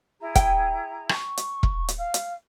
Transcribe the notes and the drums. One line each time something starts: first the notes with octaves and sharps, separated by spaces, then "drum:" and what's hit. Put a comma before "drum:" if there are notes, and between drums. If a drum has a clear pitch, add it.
E4 G#4 A#5
G5, drum: kick E1, hi-hat
C#6, drum: rim click
drum: hi-hat
drum: kick E1
drum: hi-hat
F5 F6
drum: hi-hat